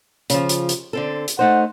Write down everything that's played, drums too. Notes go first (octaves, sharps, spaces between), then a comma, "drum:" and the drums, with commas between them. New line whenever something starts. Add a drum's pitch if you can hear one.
C#3 F3, drum: hi-hat
drum: hi-hat
drum: hi-hat
D3 C4 A4
drum: hi-hat
A3 D#4 C5 F#5